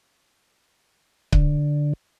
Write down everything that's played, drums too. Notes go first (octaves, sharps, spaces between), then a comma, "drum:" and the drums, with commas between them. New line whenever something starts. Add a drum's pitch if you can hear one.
D3, drum: kick C#1